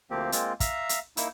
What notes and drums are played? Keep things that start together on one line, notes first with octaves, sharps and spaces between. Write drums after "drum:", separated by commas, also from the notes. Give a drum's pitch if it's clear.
D2 F3 A#3 C4 G4
G#3 A#3 C4 F4, drum: hi-hat
E5 F5 A#5, drum: kick, hi-hat
drum: hi-hat
A#3 D#4 E4 E6, drum: hi-hat